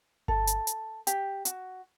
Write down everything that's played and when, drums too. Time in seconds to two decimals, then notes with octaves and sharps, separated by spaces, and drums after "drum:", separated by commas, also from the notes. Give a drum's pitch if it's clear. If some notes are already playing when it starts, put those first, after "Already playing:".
0.28 A4, drum: kick G1
0.47 drum: hi-hat
0.67 drum: hi-hat
1.07 G4, drum: hi-hat
1.45 F#4, drum: hi-hat